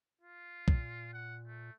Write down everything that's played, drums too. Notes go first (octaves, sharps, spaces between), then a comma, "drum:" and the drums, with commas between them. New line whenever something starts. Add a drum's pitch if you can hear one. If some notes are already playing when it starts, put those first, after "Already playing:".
F4
A#2, drum: kick B1
F#5
A3